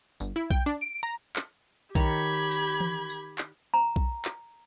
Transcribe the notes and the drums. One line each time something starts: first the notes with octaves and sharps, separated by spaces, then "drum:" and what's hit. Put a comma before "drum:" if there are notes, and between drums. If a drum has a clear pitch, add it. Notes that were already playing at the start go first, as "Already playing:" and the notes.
G1, drum: tambourine
E4
G5, drum: kick B1
D4
D7
A#5
drum: clap
D#3 G4 C#5 B5 G#6, drum: kick B1
drum: tambourine
drum: tom E3
drum: tambourine
drum: clap
A#5
drum: kick B1
drum: clap